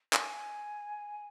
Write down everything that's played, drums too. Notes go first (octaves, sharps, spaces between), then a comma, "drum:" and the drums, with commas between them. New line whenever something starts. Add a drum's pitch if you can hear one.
G#5, drum: clap